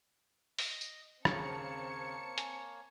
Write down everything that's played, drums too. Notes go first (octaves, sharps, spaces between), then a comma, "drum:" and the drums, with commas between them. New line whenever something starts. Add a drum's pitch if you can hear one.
D#5, drum: open hi-hat
drum: tambourine
D#2 C#3 A#3 C4 C#5 A5 C#7, drum: rim click
G#5, drum: hi-hat